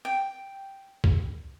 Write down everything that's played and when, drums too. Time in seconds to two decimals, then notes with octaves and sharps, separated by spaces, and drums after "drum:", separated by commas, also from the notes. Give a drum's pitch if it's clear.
0.05 G5
1.04 drum: kick